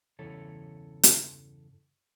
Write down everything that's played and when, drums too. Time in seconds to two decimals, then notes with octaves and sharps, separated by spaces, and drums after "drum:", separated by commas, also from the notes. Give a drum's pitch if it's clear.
0.19 E2 G2 C#3 E3 A4 C#5
1.03 drum: hi-hat